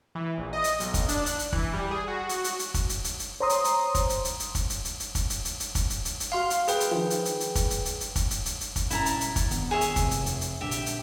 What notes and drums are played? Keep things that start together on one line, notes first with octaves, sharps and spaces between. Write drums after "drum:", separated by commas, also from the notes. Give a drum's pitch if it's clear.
E3
A#1
D#5
drum: hi-hat
B1, drum: hi-hat
drum: kick, hi-hat
D4, drum: hi-hat
F#6, drum: hi-hat
drum: hi-hat
E3, drum: kick
G3
G#4
F#4
drum: hi-hat
drum: hi-hat
drum: hi-hat
drum: kick, hi-hat
drum: hi-hat
drum: hi-hat
drum: hi-hat
C5 C#5 A#5 C6 D#6
drum: hi-hat
drum: hi-hat
drum: kick, hi-hat
drum: hi-hat
drum: hi-hat
drum: hi-hat
drum: kick, hi-hat
drum: hi-hat
drum: hi-hat
drum: hi-hat
drum: kick, hi-hat
drum: hi-hat
drum: hi-hat
drum: hi-hat
drum: kick, hi-hat
drum: hi-hat
drum: hi-hat
drum: hi-hat
F#4 F5 C6 F6
drum: hi-hat
G#4 B4 G5, drum: hi-hat
drum: hi-hat
D#3 F3
drum: hi-hat
drum: hi-hat
drum: hi-hat
drum: kick, hi-hat
drum: hi-hat
drum: hi-hat
drum: hi-hat
drum: kick, hi-hat
drum: hi-hat
drum: hi-hat
drum: hi-hat
drum: kick, hi-hat
A#1 G2 C#4 E4 A5 A#5, drum: hi-hat
drum: hi-hat
drum: hi-hat
drum: kick, hi-hat
G2 D#3 B3, drum: hi-hat
G#4 C#5 E5
drum: hi-hat
F2 C3 C4, drum: kick, hi-hat
drum: hi-hat
drum: hi-hat
drum: hi-hat
A#1 G2 D3 G4 E5
drum: hi-hat
drum: hi-hat